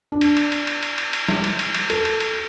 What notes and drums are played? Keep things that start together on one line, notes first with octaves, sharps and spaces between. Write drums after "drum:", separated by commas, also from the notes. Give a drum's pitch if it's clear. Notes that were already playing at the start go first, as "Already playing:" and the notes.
D4
drum: cymbal
drum: cymbal
drum: cymbal
drum: cymbal
drum: cymbal
drum: cymbal
drum: cymbal
drum: snare
drum: cymbal
drum: cymbal
drum: cymbal
A4, drum: cymbal
drum: cymbal
drum: cymbal